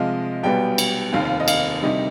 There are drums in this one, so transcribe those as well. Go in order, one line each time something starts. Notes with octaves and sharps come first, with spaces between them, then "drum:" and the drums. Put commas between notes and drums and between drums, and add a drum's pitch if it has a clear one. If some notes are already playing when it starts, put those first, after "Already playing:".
Already playing: C2 C3 F3 G#3 D#5 F5
B1 B2 G3 B3 G5
drum: cymbal
F1 D#2 D#3 F5
F5
D#5
F5, drum: cymbal
D2 C3 D#3 G3 D#5